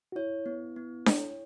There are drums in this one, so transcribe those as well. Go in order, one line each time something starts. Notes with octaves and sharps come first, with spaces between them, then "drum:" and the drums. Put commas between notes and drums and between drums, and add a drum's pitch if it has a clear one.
F#4
E4 C#5
B3
B3
C#5, drum: snare D4